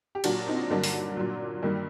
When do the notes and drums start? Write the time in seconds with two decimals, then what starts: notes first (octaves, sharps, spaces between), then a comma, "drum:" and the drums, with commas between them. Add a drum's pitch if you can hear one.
0.15 G4
0.24 A#2 F#3 D4 F#4, drum: cymbal
0.47 C4 D#4
0.70 G2 D3 F#3 A#3 D4
0.84 drum: open hi-hat
1.17 A#2 F#3
1.62 G2 D#3 G3 A#3